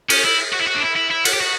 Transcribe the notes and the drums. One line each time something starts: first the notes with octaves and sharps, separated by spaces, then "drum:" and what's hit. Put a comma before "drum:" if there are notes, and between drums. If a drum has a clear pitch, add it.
C#4, drum: cymbal
E4
F#4
E4
F#4
D4
E4
E4
E4
F#4, drum: cymbal
G4
F#4